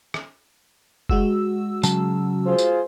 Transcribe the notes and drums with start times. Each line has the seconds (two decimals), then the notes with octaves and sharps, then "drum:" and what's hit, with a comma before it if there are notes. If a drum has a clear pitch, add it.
0.14 drum: rim click
1.09 G#3 F#4 E6, drum: kick F#1
1.83 C#3 F#3 A5, drum: tambourine
2.45 F4 G#4 C5
2.58 drum: tambourine